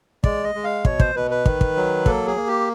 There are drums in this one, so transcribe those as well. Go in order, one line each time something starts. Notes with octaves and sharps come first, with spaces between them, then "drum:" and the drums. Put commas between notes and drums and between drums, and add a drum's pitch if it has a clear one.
G#3 D5, drum: kick
D#5
G#3
F5
B2 C#5, drum: kick
C5, drum: kick
B2 B4
B4
D#3, drum: kick
drum: kick
F#3
A#3 A4, drum: kick
G#4
A#3
G4